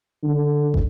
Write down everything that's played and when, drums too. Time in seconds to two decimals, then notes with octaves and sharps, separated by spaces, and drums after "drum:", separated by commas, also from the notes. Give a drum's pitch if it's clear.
0.23 D3
0.74 drum: kick